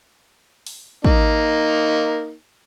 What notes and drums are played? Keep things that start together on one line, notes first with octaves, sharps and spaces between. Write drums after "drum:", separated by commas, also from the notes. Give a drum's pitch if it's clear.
drum: open hi-hat
A#3 D#4, drum: kick